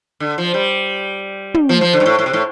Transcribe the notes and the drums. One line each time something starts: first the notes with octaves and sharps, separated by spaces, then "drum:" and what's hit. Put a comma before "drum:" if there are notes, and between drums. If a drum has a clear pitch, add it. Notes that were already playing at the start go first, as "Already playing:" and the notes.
D3
F3
G3
drum: tom
F3
F3
D3
G2
A2
A2
C3
A2